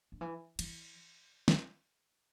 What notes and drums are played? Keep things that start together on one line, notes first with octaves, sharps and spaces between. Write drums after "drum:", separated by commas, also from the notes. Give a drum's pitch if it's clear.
D3
E3
E3, drum: cymbal
drum: snare